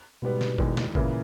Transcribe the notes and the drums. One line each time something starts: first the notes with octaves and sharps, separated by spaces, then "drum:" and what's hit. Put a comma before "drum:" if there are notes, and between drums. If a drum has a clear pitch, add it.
G#2 B2 G3 B3
drum: snare
E2 D#3 G#3 D#4, drum: kick G#1
drum: snare
A#2 C#3 E3 A#3 E4, drum: kick G#1